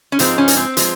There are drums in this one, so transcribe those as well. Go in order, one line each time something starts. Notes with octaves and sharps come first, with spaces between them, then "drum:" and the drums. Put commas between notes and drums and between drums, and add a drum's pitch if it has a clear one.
C#4
G#2 F3 G#3 C4, drum: hi-hat
C#4
drum: hi-hat
C4
F3 G#3, drum: hi-hat